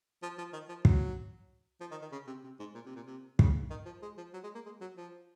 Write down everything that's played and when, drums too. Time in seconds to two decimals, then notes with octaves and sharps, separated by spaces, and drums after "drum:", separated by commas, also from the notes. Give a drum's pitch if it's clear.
0.22 F3
0.38 F3
0.53 D#3
0.69 F3
0.85 F#3, drum: kick
1.81 F3
1.91 D#3
2.02 D#3
2.12 C#3
2.27 C3
2.44 C3
2.59 G#2
2.75 A#2
2.86 C3
2.96 A#2
3.07 C3
3.39 C#3, drum: kick
3.70 D#3
3.86 F3
4.02 G#3
4.17 F3
4.34 F#3
4.43 G#3
4.55 A#3
4.66 G#3
4.81 F#3
4.97 F3